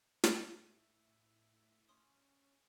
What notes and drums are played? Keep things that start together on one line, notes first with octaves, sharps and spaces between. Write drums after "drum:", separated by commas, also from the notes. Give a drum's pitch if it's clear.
A2 A3 E4 E5 A#5, drum: snare
C#4 C6 D#6